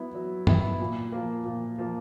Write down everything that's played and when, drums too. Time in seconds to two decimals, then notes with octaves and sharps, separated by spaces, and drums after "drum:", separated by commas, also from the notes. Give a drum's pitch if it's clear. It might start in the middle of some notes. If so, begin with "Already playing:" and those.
Already playing: F#3 B3 E4
0.15 F#3
0.47 B3 E4, drum: tom G2
0.80 A#2
1.12 F3 A#3
1.45 A#2
1.78 F3 A#3